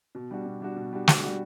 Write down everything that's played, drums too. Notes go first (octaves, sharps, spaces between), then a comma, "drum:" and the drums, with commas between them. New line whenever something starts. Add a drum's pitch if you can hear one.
B2
G3 D4 F#4
B2
G3 D4 F#4
B2
G3 D4 F#4
B2, drum: snare
G3 D4 F#4